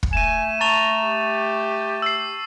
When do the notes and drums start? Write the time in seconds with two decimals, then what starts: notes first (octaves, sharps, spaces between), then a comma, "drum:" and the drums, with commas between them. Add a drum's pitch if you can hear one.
0.03 drum: kick
0.13 A3 G#5 D#7 E7
0.61 A5 A#5 C#6 A6 F7
1.04 G4
2.02 E6 C7